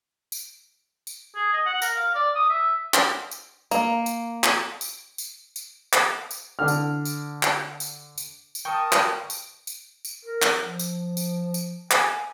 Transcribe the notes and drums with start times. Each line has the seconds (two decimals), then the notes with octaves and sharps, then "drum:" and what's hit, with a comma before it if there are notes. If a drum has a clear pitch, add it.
0.32 drum: tambourine
1.07 drum: tambourine
1.35 G#4
1.53 D#5
1.66 F#5
1.82 A#4, drum: tambourine
1.96 F5
2.15 D5
2.35 D#6
2.50 E5
2.94 drum: clap
3.31 drum: tambourine
3.71 A#3, drum: tambourine
4.06 drum: tambourine
4.44 drum: clap
4.81 drum: tambourine
5.18 drum: tambourine
5.56 drum: tambourine
5.93 drum: clap
6.31 drum: tambourine
6.59 D3 F6
6.68 drum: tambourine
7.05 drum: tambourine
7.43 drum: clap
7.80 drum: tambourine
8.18 drum: tambourine
8.55 drum: tambourine
8.65 A#4 G5 A5 C#6 D#6
8.92 drum: clap
9.30 drum: tambourine
9.67 drum: tambourine
10.05 drum: tambourine
10.25 A#4
10.42 drum: clap
10.59 F3
10.79 drum: tambourine
11.17 drum: tambourine
11.54 drum: tambourine
11.91 G#5, drum: clap